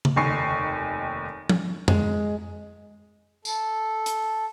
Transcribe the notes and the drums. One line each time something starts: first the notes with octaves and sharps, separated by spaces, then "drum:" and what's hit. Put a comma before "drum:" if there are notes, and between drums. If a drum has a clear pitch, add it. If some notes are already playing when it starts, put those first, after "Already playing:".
drum: tom C#3
F1 D#2 G#5 C#6 C7 C#7
drum: tom F3
G#3, drum: tom F2
A4, drum: tambourine
drum: hi-hat